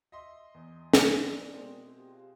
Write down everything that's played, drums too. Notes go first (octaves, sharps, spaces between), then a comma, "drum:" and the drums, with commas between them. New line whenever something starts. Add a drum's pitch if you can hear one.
D#5 E5 C6
E2
drum: snare
G#4 A#4 D5
B2 G#3 C4
F4 G4